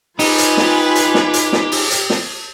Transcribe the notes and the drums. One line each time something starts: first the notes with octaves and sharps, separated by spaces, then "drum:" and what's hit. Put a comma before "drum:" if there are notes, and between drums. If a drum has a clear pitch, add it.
D#4 F4 G4 B4 G#5, drum: open hi-hat
drum: hi-hat
drum: snare
drum: hi-hat
drum: snare
drum: hi-hat
drum: snare
drum: open hi-hat
drum: hi-hat
drum: snare